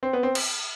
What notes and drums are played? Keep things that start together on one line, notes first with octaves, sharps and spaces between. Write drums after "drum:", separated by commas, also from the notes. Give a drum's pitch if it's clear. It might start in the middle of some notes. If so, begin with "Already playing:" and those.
C4
B3
C4
drum: cymbal